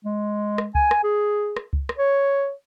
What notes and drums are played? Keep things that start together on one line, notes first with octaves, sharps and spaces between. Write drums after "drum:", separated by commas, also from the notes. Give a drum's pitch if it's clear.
G#3
drum: rim click
G#5, drum: kick C#2
drum: rim click
G#4
drum: rim click
drum: kick C#2
drum: rim click
C#5